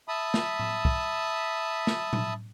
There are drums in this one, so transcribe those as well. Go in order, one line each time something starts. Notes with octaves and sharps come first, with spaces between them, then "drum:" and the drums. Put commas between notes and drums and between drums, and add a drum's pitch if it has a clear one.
E5 A5 B5 D#6
drum: snare
drum: tom A2
drum: kick
drum: snare
drum: tom A2